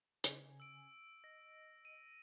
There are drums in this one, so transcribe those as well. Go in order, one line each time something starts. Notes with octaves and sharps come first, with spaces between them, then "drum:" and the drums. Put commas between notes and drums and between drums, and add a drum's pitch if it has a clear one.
C#3 G#5, drum: hi-hat
E6 D7
D#5 A#6
D#7